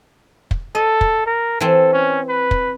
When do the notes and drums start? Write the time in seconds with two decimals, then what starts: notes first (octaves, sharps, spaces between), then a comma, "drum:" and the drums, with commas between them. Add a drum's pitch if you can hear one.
0.51 drum: kick
0.75 A4 D#5
1.01 drum: kick
1.26 A#4
1.60 E3 C4 A4
1.93 C#4
2.29 B4
2.51 drum: kick